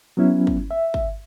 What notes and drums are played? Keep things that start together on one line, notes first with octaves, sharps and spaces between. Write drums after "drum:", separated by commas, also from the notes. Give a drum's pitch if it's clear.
F#3 B3 C#4 E4
drum: kick
E5
drum: kick